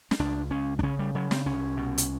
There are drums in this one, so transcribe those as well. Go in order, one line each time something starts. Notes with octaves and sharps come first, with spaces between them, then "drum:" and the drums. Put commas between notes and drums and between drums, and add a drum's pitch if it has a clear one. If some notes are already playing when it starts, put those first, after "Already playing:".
C#4, drum: snare
C#2 D4
C#2 C#4
D4, drum: kick
C#3 C#4
G3
C#3 F#3
C4, drum: snare
C2 C#4
B2
drum: hi-hat